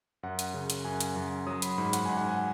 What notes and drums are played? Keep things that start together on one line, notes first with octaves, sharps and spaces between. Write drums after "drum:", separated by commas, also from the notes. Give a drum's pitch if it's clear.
F#2 F#5
drum: hi-hat
C#3
drum: hi-hat
F#2 G#5
drum: hi-hat
F#2
F#3 D#6
B5, drum: hi-hat
G#2 B5
F#5, drum: hi-hat
G#2 G#5
F#5
G#5